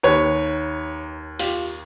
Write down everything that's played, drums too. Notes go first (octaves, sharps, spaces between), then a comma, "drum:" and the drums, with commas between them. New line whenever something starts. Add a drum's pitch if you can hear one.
D#2 D#3 B4 C#5
F4 G4, drum: open hi-hat